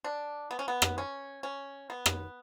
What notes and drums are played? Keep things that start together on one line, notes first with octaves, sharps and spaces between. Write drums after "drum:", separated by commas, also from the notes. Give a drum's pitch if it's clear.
D4
B3
C#4
B3
drum: rim click
C#4
C#4
B3
drum: rim click